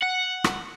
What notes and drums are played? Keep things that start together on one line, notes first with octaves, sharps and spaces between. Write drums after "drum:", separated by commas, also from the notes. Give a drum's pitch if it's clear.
F#5
drum: rim click